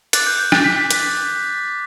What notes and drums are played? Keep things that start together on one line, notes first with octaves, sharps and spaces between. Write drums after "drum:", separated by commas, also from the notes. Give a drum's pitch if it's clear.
D6 F#6 A6, drum: hi-hat
G6
G6
D6 G6 A6, drum: rim click
B6
B6
drum: hi-hat